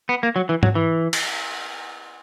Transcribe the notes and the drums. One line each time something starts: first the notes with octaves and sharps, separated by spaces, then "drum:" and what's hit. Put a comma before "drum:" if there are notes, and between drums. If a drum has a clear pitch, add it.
B3
A#3
F#3
E3
F#3, drum: tom G#2
E3
drum: cymbal